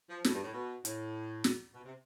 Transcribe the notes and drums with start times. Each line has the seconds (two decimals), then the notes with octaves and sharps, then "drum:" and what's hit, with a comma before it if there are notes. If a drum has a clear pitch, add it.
0.10 F3
0.24 A2, drum: snare
0.33 G2
0.44 A2
0.54 B2
0.85 A2, drum: hi-hat
1.44 drum: snare
1.74 B2
1.85 C3